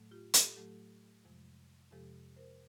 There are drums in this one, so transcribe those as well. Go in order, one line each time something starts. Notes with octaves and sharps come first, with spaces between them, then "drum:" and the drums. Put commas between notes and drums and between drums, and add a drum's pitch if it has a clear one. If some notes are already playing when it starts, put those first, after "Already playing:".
Already playing: A2 F#3 A3
F4 G4
G4 A4, drum: hi-hat
A2 F#3 A3 G4 A4
F2 C3 F3 G#3
F2 C3 F3 G#3 G4 A4
A#4 C5